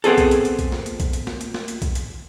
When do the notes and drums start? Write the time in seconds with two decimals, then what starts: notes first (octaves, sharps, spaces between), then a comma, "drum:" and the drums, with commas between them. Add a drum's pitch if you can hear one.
0.04 B3 C4 G#4 A4, drum: hi-hat
0.18 drum: kick A#1, hi-hat
0.31 drum: hi-hat
0.45 drum: hi-hat
0.59 drum: kick A#1, hi-hat
0.72 drum: snare
0.86 drum: hi-hat
1.00 drum: kick A#1, hi-hat
1.13 drum: hi-hat
1.27 drum: snare
1.41 drum: hi-hat
1.54 drum: snare
1.68 drum: hi-hat
1.82 drum: kick A#1, hi-hat
1.95 drum: hi-hat